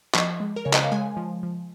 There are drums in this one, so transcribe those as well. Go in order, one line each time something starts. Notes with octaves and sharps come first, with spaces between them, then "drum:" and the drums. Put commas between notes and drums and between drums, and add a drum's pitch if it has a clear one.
F3 D#5, drum: clap
G#3
A#4
C#3 C#5
D#5, drum: clap
F5
G#3 G#5
F3
F3